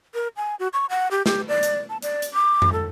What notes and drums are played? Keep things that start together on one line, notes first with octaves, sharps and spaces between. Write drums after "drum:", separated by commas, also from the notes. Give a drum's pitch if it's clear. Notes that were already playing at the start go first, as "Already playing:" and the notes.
A#4
G#5
F#4
C#6
F#5
G4
G4, drum: snare
D5
drum: hi-hat
A5
D5, drum: hi-hat
drum: hi-hat
D6
drum: tom F2
A4